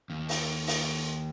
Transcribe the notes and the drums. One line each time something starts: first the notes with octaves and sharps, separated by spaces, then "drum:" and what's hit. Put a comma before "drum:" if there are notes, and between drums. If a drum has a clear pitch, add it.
D#2
drum: open hi-hat
drum: open hi-hat